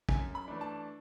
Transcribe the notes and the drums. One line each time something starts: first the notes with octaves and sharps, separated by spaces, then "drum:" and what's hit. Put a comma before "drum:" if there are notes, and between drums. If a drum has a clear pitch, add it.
F#2 G#5, drum: kick
B5
E3 A3 D4
A5